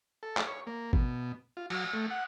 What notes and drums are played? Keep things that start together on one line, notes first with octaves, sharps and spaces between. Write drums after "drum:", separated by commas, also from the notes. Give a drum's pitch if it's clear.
A4
drum: clap
C#5
A#3
B2, drum: kick A1
F4
F#3, drum: cymbal
A3
F#5